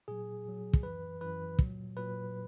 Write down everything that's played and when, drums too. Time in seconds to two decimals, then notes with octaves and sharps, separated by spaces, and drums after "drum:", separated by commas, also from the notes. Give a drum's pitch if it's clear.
0.08 A#2 F#3 G#4
0.45 A#2 F#3
0.73 drum: kick
0.83 F#2 E3 B4
1.21 F#2 E3 B4
1.59 A#2 F#3, drum: kick
1.97 A#2 F#3 B4